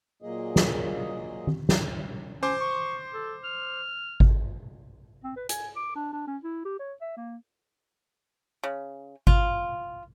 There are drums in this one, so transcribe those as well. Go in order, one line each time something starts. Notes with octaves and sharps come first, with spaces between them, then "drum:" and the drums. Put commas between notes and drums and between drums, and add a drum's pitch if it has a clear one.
A#2 F#3 A#3 G#4 D#5
drum: snare
drum: tom D#3
drum: snare
C#4 C5 C6 D6
C#6
A4
F6
drum: kick G#1
C4
B4
G#5, drum: hi-hat
D6
D4
D4
C#4
E4
G4
C#5
E5
A#3
C#3
F4, drum: kick G#1